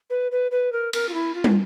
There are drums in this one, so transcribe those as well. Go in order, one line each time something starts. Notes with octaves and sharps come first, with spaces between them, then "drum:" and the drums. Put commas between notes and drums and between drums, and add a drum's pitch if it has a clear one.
B4
B4
B4
A#4
A#4, drum: cymbal
F4
E4
F4
drum: tom